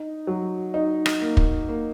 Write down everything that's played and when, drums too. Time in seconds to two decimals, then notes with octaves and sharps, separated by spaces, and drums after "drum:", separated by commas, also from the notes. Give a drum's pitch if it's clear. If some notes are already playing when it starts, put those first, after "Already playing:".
Already playing: D#4
0.27 F#3
0.74 D#4
1.06 drum: rim click
1.22 A#3
1.37 drum: kick
1.69 A#3